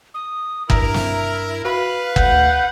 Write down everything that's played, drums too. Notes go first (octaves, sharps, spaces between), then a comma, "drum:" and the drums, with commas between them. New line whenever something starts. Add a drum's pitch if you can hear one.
D#6
G2 E4 A#4 A#5, drum: kick
drum: snare
F#4 B4 F5 B5
D2 F#5 G6, drum: kick